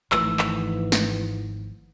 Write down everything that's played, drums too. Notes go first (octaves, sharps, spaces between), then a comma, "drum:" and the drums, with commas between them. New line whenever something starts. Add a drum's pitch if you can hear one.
G#1 G#2 E3 F3 A3 E6, drum: clap
drum: clap
drum: snare